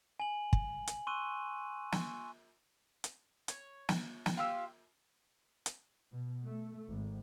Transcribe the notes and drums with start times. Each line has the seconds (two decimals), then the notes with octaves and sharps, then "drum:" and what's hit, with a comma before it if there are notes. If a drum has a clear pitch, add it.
0.20 G#5 F#7
0.53 drum: kick
0.87 drum: hi-hat
1.07 C6 C#6 E6 F#6 D#7
1.92 drum: snare
3.04 drum: hi-hat
3.48 C#5, drum: hi-hat
3.89 drum: snare
4.26 drum: snare
4.37 F4 G4 F5 E6
5.66 drum: hi-hat
6.12 B2
6.45 A3
6.88 G#1